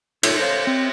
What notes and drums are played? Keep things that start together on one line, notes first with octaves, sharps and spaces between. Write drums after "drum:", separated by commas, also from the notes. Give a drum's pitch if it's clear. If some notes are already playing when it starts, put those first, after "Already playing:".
D#4 F4 A4 C#5 E5, drum: cymbal
A4 C5 C#5 F5
C4